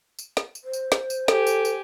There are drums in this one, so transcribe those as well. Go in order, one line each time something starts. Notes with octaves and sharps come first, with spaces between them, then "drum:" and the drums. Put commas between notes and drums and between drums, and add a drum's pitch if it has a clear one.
drum: tambourine
drum: snare
drum: tambourine
C5
drum: tambourine
drum: snare
drum: tambourine
G4 A4 G#5, drum: snare
drum: tambourine
drum: tambourine